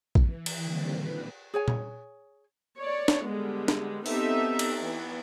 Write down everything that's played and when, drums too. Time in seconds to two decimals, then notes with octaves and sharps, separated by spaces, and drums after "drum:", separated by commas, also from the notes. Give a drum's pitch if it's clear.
0.15 E3, drum: kick
0.46 drum: cymbal
0.62 D3 D#3 G3 A#3 C4
0.92 A#2 B4
1.54 G#4 C#5 G#5
1.68 drum: tom A#2
2.78 C#5 D5
3.08 drum: snare
3.25 D3 G3 G#3 B3
3.68 drum: snare
4.06 B3 C4 D#4 G4 A4 E5, drum: open hi-hat
4.59 drum: cymbal
4.81 E3 B3